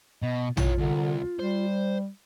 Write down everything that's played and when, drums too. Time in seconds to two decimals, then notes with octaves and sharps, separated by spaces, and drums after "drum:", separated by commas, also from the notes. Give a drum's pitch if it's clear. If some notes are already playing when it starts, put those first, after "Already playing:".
0.22 B2 D#5
0.57 E3 F4 C#5, drum: tom A#1
0.78 C2 D3
1.39 G3 C5